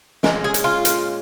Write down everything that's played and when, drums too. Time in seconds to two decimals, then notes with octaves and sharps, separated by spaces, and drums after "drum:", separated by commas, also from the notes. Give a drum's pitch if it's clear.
0.23 A#2 G#3 C#4 A#4, drum: snare
0.44 G#4
0.54 drum: hi-hat
0.64 F4
0.85 drum: hi-hat